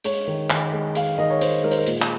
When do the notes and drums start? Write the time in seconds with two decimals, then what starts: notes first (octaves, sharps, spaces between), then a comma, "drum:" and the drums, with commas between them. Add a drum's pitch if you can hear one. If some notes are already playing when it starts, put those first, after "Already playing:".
0.04 G#3 C#5, drum: hi-hat
0.27 D#3
0.50 D#3, drum: clap
0.73 G#3
0.95 G#3 F5, drum: hi-hat
1.18 D#3 D#5
1.30 C#5
1.41 D#3 C5, drum: hi-hat
1.63 G#3 A#4
1.71 C5, drum: hi-hat
1.78 A#4
1.86 A#2, drum: hi-hat
2.02 drum: clap